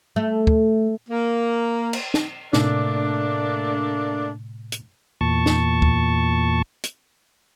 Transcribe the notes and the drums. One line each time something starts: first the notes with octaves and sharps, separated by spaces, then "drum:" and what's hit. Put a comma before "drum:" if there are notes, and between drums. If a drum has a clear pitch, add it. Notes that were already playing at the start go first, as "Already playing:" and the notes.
A3
drum: kick
A#3
drum: cymbal
drum: snare
A2 C3 A3 A#3 D4, drum: snare
drum: hi-hat
E2 A#2 A5 C#6
drum: snare
drum: kick
drum: hi-hat